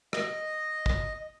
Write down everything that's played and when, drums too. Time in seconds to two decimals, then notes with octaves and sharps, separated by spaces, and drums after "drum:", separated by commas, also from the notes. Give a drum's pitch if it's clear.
0.13 D#5, drum: rim click
0.86 drum: kick